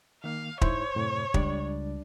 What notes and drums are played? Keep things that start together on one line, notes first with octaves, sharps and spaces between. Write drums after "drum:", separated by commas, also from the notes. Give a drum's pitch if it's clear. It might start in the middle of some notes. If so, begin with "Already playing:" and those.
D#3 A#3 F5
G#2 D#4 E4 C5 C#5, drum: kick
F#2 A2 C3
C#2 G3 D4 D5, drum: kick